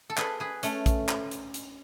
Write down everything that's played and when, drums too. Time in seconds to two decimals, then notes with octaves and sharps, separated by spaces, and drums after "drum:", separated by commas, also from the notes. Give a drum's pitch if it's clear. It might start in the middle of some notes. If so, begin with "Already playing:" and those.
0.10 A4
0.18 G#4 B4, drum: clap
0.40 G#4 B4
0.63 A3 C#4, drum: hi-hat
0.86 drum: kick A#1, hi-hat
1.09 drum: clap
1.31 drum: hi-hat
1.54 drum: hi-hat